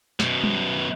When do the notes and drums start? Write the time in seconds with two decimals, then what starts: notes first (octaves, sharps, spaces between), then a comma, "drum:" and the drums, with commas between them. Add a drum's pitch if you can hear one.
0.20 F#2 B2, drum: snare
0.44 drum: tom G3